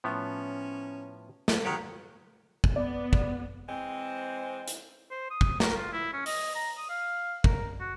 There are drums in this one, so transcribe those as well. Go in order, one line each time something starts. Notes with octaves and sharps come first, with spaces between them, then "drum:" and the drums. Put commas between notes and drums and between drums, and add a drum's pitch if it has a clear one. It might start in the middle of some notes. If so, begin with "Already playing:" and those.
A2 F3 B3 C#4
drum: snare
D#3 F#3 G4 C#5
drum: kick
B3 D5
drum: kick
E3 G#3 C4
drum: hi-hat
C5
D#6
drum: kick
A#4, drum: snare
F4
E4
C#4
D#5, drum: open hi-hat
A#5
D#6
F5
A#4, drum: kick
F#4